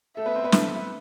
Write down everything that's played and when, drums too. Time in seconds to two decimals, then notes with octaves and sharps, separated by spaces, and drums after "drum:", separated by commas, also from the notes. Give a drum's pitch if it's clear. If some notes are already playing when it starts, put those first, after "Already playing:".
0.17 A3 A4 E5
0.26 B3 B4
0.36 C4 C5
0.44 B3 B4
0.52 A3 A4, drum: snare
0.64 E4
0.76 E4